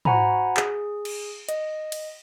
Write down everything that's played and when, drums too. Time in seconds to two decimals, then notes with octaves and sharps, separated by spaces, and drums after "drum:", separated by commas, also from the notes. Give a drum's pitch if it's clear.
0.05 F#4 C5 F#5 G#5 A#5 B5, drum: tom
0.57 G#4, drum: clap
1.05 drum: cymbal
1.49 D#5, drum: hi-hat
1.92 drum: cymbal